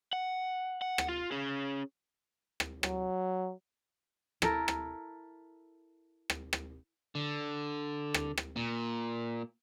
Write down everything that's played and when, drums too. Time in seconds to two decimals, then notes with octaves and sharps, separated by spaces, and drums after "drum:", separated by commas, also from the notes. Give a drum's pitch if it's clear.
0.13 F#5
0.82 F#5
0.98 drum: rim click
1.08 F4
1.32 C#4 G#4
2.60 drum: rim click
2.83 F#3, drum: rim click
4.42 E4 A4 A#4, drum: rim click
4.68 drum: rim click
6.30 drum: rim click
6.53 drum: rim click
7.15 D3
8.14 drum: rim click
8.38 drum: rim click
8.56 A#2